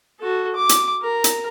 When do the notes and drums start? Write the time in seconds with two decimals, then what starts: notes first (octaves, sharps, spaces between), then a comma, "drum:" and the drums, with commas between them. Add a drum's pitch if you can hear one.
0.20 F#4 A4
0.56 D6
0.69 drum: hi-hat
1.02 A#4
1.24 drum: hi-hat